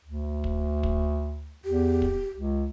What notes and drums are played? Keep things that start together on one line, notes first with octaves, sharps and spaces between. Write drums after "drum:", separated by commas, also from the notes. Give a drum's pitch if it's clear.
D2
drum: kick
drum: kick
E2 G4
drum: kick
C#2